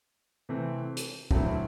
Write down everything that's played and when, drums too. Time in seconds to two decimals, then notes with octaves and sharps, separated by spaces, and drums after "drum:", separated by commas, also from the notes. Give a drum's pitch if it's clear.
0.49 C3 E3 A3 C4
0.97 drum: hi-hat
1.31 G2 F#3 A3 C4 E4, drum: kick